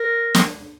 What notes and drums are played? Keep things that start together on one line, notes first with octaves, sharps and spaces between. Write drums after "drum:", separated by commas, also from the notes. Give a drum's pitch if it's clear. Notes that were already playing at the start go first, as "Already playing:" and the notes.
Already playing: A#4
drum: snare